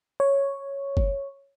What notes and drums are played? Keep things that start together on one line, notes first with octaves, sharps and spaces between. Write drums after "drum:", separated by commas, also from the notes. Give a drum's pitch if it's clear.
C#5
drum: kick